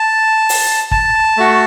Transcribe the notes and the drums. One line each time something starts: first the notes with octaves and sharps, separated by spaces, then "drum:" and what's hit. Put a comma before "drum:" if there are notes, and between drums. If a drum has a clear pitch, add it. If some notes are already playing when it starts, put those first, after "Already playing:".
Already playing: A5
drum: open hi-hat
A5, drum: kick
A3 F#4